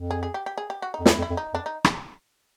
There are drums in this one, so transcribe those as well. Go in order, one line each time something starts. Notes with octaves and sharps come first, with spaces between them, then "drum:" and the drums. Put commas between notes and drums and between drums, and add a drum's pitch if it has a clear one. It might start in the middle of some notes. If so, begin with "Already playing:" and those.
Already playing: F2
G#4
G#4
G4
G4
G#4
G4
F#4
D#4
F2
E2 E4, drum: snare
F2
E4
F2
D#4
F2 D4
D#4
drum: rim click